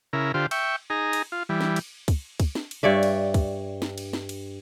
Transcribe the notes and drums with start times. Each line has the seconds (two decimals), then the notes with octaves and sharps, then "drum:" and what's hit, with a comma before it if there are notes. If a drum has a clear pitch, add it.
0.13 C#3 E4 A#4
0.34 D3 F4 G4 C5
0.51 E5 G5 C#6, drum: cymbal
0.90 D#4 G#4 A#5
1.13 drum: cymbal
1.32 F4
1.49 E3 G3
1.61 drum: snare
1.76 drum: cymbal
2.08 drum: kick, cymbal
2.40 drum: kick, cymbal
2.55 drum: snare
2.71 drum: cymbal
2.83 G2 C#5 D5 E5
3.03 drum: cymbal
3.34 drum: kick, cymbal
3.82 drum: snare
3.98 drum: cymbal
4.13 drum: snare
4.29 drum: cymbal